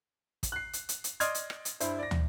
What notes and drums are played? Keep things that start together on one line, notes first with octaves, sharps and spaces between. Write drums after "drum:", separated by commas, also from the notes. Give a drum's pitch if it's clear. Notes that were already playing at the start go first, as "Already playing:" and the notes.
drum: kick, hi-hat
F#6 C7
drum: hi-hat
drum: hi-hat
drum: hi-hat
D5 D#5 C6 D#6 F6 G#6, drum: hi-hat
drum: hi-hat
drum: rim click
drum: hi-hat
G2 E4 C5, drum: hi-hat
D5 A#6
drum: tom